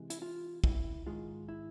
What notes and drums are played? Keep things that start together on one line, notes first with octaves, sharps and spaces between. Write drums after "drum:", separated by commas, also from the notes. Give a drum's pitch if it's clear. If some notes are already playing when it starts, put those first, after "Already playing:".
Already playing: C3 E3 G#3
E4, drum: hi-hat
F4
E4, drum: kick
G#2 D#3 G#3 F4
E4